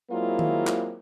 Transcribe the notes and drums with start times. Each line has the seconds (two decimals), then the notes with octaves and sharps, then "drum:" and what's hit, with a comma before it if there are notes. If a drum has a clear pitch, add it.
0.11 F#3 G#3 A#3 C4 E4 F4
0.39 drum: tom D#3
0.67 drum: clap